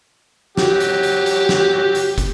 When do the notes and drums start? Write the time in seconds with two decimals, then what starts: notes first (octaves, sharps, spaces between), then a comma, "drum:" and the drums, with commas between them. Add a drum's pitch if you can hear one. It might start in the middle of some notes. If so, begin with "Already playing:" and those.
0.57 F#3 G4, drum: snare
0.80 drum: hi-hat
1.03 drum: hi-hat
1.26 drum: hi-hat
1.49 drum: snare
1.95 drum: hi-hat
2.18 drum: kick, hi-hat